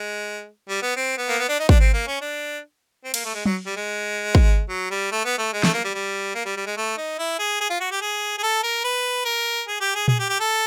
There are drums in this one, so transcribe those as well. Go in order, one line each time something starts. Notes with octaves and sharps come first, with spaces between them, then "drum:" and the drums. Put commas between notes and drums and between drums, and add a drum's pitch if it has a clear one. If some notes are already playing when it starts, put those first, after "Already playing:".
Already playing: G#3
G3
B3
C4
B3
A#3
B3
D4
D#4
D4, drum: kick
C4
A#3
C#4
D4
C4
A#3, drum: cymbal
A3
G#3
F#3, drum: tom F#3
G3
G#3
drum: kick
F#3
G3
A3
B3
A3
G#3
A3, drum: snare
A#3
G3
G3
A#3
G3
G3
G#3
A3
D#4
E4
G#4
G#4
F4
F#4
G4
G#4
G#4
A4
A#4
B4
A#4
G#4
G4
G#4
G#4, drum: tom A#2
G4
G4
A4